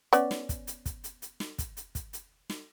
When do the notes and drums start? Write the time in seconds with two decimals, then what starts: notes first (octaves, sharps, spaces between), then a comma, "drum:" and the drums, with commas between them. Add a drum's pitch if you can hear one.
0.13 B3 C#4 D5, drum: hi-hat
0.31 drum: snare
0.49 drum: kick, hi-hat
0.67 drum: hi-hat
0.86 drum: kick, hi-hat
1.04 drum: hi-hat
1.22 drum: hi-hat
1.40 drum: snare
1.58 drum: kick, hi-hat
1.77 drum: hi-hat
1.95 drum: kick, hi-hat
2.13 drum: hi-hat
2.50 drum: snare